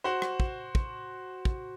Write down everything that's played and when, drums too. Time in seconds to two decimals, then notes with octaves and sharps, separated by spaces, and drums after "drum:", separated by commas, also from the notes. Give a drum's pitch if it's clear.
0.04 F#4 C5
0.22 drum: rim click
0.40 drum: kick
0.75 drum: kick
1.45 drum: kick